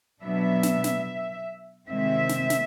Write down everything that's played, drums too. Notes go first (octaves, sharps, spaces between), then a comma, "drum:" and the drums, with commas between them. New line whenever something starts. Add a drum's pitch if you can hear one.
B2 F#3 B3 D4 E5
drum: snare
drum: snare
C3 D#3 G#3 C4 E5
drum: snare
drum: snare